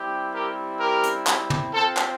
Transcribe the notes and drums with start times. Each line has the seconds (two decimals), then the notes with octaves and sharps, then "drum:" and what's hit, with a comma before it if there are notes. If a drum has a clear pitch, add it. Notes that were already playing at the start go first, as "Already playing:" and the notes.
Already playing: G3 C4 E4 G4
0.33 G4 A#4
0.80 G4 A#4
1.04 drum: hi-hat
1.27 drum: clap
1.50 drum: tom
1.73 C4 F4 A4
1.97 drum: clap